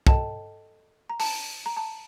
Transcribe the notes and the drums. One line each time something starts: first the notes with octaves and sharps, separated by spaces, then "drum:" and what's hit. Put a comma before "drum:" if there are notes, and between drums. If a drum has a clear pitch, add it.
A4 D#5 G5 A5, drum: kick
A#5
A5, drum: open hi-hat
A#5
A5